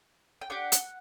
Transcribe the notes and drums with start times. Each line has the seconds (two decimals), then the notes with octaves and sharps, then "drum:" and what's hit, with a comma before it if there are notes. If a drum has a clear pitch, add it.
0.41 G5
0.50 D4 G4 F#5
0.72 drum: hi-hat